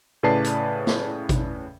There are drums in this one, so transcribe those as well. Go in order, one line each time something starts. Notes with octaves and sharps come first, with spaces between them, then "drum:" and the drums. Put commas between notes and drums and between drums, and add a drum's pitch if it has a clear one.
A2 C#3 B4 D5 A5 C7
drum: hi-hat
drum: snare
drum: kick, hi-hat